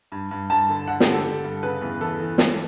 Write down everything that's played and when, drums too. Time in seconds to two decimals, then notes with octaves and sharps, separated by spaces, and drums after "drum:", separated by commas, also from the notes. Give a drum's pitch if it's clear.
0.12 G2
0.31 G2
0.50 G2 A5
0.69 D3
0.88 D3 F#5
1.00 G4, drum: snare
1.07 D3
1.13 A4
1.26 D3
1.44 G2
1.63 C#3 B4
1.81 E2
2.01 E3 A4
2.20 E3
2.38 E3, drum: snare